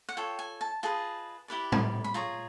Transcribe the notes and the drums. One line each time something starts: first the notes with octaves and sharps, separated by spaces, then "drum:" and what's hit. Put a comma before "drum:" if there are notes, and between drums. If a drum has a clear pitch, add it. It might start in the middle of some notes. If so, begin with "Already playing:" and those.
F#5
F4 A4 C#5 G5
G#5
A5
F4 G#4 B4 D#5 A5
E4 G4 B4 D5
drum: tom
B5
F4 G#4 C#5 A#5